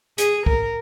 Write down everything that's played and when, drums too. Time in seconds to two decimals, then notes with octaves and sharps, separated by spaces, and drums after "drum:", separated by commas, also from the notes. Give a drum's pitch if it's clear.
0.18 G#4, drum: hi-hat
0.46 A#4, drum: kick